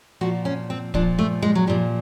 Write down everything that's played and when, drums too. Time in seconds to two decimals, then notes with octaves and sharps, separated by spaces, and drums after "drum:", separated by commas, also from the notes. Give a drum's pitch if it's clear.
0.21 A#2 F3 F#4
0.45 C#4
0.70 C4
0.94 A#2 F3 D4, drum: kick D1
1.19 A3
1.42 G#3
1.55 F#3
1.67 A#2 F3 G3